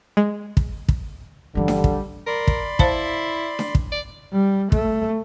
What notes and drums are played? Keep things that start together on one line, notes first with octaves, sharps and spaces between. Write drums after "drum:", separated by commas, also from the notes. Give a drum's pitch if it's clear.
G#3
drum: kick
drum: kick
G1 D3 E3 G3
drum: snare D4
drum: kick
A#4 D5 B5 C6
drum: kick
E4 C5 F5 A5, drum: kick
drum: snare D4
drum: kick
D5
G3
A3, drum: kick